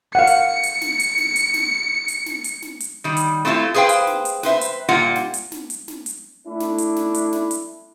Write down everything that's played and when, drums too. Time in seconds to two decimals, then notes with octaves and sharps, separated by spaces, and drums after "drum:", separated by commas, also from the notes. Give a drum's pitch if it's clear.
0.15 F5 F#5 C#7
0.27 drum: hi-hat
0.63 drum: hi-hat
0.81 drum: snare
1.00 drum: hi-hat
1.18 drum: snare
1.36 drum: hi-hat
1.54 drum: snare
2.08 drum: hi-hat
2.26 drum: snare
2.44 drum: hi-hat
2.62 drum: snare
2.80 drum: hi-hat
3.04 D#3 G3
3.17 drum: hi-hat
3.45 A3 C4 E4 F4 G4
3.74 G#4 B4 C5 F5 G5
3.89 drum: hi-hat
4.07 drum: snare
4.25 drum: hi-hat
4.43 B4 C5 E5, drum: snare
4.61 drum: hi-hat
4.88 A#2 G3 A#3 F4 F#5
5.16 drum: snare
5.34 drum: hi-hat
5.52 drum: snare
5.70 drum: hi-hat
5.88 drum: snare
6.06 drum: hi-hat
6.48 A3 D4 E4
6.60 drum: snare
6.78 drum: hi-hat
6.96 drum: snare
7.14 drum: hi-hat
7.33 drum: snare
7.51 drum: hi-hat